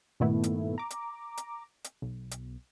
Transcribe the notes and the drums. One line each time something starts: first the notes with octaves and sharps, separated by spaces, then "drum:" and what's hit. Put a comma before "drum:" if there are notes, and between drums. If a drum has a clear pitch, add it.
G2 A#2 D#3 A3 B3 E4
drum: hi-hat
A#5 D6
drum: hi-hat
drum: hi-hat
drum: hi-hat
B1
drum: hi-hat